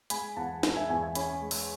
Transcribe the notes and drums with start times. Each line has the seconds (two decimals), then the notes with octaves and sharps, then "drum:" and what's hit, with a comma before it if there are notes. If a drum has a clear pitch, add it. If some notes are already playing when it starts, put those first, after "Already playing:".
0.10 G#3 G#5 B5, drum: hi-hat
0.36 E2 F#5 A5
0.63 G#3, drum: snare
0.76 E5 G#5
0.89 E2 E5 G#5
1.03 E5 G#5
1.15 C#4 G#5 B5, drum: hi-hat
1.42 G#3
1.51 drum: open hi-hat